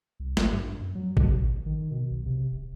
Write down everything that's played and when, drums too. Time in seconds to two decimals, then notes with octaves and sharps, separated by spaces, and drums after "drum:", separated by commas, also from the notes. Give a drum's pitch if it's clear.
0.20 C2
0.37 G#1, drum: snare
0.53 G2
0.80 F#2
0.95 F#3
1.17 B2, drum: kick A1
1.32 A1
1.66 D#3
1.91 B2
2.11 B1
2.26 C3
2.52 D#1